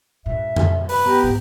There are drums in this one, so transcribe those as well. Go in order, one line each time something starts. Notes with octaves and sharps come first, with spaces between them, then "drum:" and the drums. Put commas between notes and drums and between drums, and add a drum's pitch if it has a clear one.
G2 A#2 E5
drum: tom F2
B4, drum: open hi-hat
B3 G4 A#5
G#2